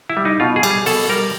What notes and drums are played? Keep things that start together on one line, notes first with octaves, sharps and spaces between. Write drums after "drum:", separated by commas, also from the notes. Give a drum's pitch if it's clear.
E4
G3
D#4
B2 F4
G#4
G3, drum: cymbal
G#4
B2 A4, drum: open hi-hat
G3 A#4